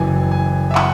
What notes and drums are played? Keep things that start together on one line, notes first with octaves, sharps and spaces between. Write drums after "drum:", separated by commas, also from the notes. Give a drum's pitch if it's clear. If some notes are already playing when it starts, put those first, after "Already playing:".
Already playing: F#1 F#2 E3 G#5
G#5
E5
F#5, drum: clap